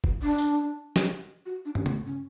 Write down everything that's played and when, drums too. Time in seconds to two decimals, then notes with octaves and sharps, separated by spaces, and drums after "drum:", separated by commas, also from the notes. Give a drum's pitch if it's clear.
0.04 drum: kick
0.23 D4
0.38 drum: tambourine
0.96 drum: snare
1.46 F#4
1.65 D4
1.75 C#4, drum: tom
1.86 B3, drum: tom
2.06 C#4